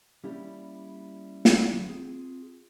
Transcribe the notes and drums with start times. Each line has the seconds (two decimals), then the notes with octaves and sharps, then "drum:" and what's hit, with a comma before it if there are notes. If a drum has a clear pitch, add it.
0.24 G3 A#3 C#4 E4 G4 D5
1.45 drum: snare
1.73 D2 F#3 B3 F4
1.89 C4 F4 G#4